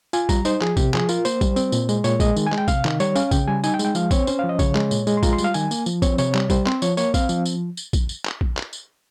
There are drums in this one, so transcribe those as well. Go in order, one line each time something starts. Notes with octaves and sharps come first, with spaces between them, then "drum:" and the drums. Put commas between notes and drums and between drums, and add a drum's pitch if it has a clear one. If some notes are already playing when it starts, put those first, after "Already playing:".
F4 G#5, drum: tambourine
G3 A#5, drum: kick, tambourine
D#4 C5, drum: tambourine
F3 G#4, drum: clap
C3 G4, drum: kick, tambourine
F3 G#4, drum: clap
F4 A#4, drum: tambourine
A#3 C5, drum: tambourine
G3, drum: kick, tambourine
C4, drum: tambourine
A#2, drum: tambourine
G#3, drum: tambourine
A#2 C#5, drum: tambourine
G#3 D#5, drum: kick, tambourine
D#3, drum: tambourine
G#5
G#3, drum: clap
G5
C3 F5, drum: kick, tambourine
D#3, drum: clap
G3 C#5, drum: tambourine
C#4 F5, drum: tambourine
C#3 G5, drum: kick, tambourine
G3 G#5
D#4 G#5, drum: tambourine
G5
G#3, drum: tambourine
G5
F3 F5, drum: tambourine
C4 C#5, drum: kick, tambourine
C#4 C5, drum: tambourine
F3 F5
D#5
C#3 C#5, drum: kick, tambourine
G#3, drum: clap
A#2, drum: tambourine
G#3, drum: tambourine
C6
F4 A#5, drum: kick, tambourine
C6
G3, drum: tambourine
F5
D#3 G#5, drum: tambourine
A#3, drum: tambourine
F3, drum: tambourine
C4 C#5, drum: kick, tambourine
C3 C#5, drum: tambourine
G3, drum: clap
G3 C5, drum: kick, tambourine
C4 C5, drum: clap
F3 C#5, drum: tambourine
A#3 C#5, drum: tambourine
C4 F5, drum: kick, tambourine
F3, drum: tambourine
drum: tambourine
drum: tambourine
drum: kick, tambourine
drum: tambourine
drum: clap
drum: kick
drum: clap
drum: tambourine